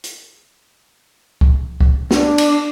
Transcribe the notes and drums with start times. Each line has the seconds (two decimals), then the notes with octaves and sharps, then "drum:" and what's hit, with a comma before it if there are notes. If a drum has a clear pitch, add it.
0.04 drum: hi-hat
1.41 drum: kick C#2
1.80 drum: kick C#2
2.11 D4, drum: snare
2.38 drum: cymbal